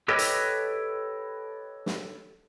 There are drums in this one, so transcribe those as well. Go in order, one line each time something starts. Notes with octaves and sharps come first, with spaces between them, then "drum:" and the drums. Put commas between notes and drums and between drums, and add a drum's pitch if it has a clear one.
G4 A4 B4 C#5 D#5 G5
drum: hi-hat
drum: snare